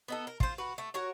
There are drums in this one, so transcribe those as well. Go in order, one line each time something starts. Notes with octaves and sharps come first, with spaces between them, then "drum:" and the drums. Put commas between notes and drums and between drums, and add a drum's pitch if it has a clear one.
B3 D#4 A4
A#4
F4 C5, drum: kick
F#4 B4
A3
F#4 A#4 C#5